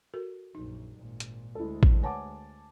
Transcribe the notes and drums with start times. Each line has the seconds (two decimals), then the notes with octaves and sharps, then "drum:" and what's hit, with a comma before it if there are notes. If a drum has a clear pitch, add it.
0.14 F#4 A4 A#4
0.55 A#1 F#2 D#4
0.97 G#1 A#2
1.20 drum: hi-hat
1.55 D2 G#3 E4 A4
1.83 drum: kick A1
2.03 B4 C#5 F#5 G#5 A5 D6